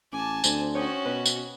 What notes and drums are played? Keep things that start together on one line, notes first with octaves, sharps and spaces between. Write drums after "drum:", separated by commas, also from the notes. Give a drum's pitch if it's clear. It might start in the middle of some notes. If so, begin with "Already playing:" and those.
A1 G#5 A5 D6
D2 C4, drum: tambourine
C#4 F#4 C#5 G5 D#6
B2 B4
drum: tambourine